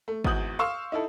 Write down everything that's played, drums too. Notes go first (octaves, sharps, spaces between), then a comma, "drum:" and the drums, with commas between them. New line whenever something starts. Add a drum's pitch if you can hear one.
A3
G#1 E2 F#4 D#6 G6 F#7, drum: kick
F5 C6 C#6 E6 C7 E7
D#4 E4 A4